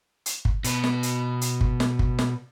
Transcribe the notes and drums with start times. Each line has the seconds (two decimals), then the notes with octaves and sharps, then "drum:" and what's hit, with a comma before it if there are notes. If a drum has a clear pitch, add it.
0.26 drum: hi-hat
0.45 drum: kick
0.64 B2 B4, drum: hi-hat
0.84 drum: snare
1.03 drum: hi-hat
1.41 drum: hi-hat
1.61 drum: kick
1.80 drum: snare
1.99 drum: kick
2.19 drum: snare